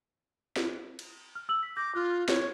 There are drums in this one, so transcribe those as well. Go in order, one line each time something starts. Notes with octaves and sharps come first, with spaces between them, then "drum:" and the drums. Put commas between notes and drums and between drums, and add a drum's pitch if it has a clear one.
drum: snare
drum: cymbal
F6
E6 F#7
B6
D6 G6 A#6
F4 F6 F#6
C#5, drum: snare